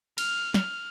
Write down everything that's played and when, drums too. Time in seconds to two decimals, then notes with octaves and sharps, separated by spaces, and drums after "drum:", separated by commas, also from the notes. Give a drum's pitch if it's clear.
0.18 F6, drum: cymbal
0.54 F6, drum: snare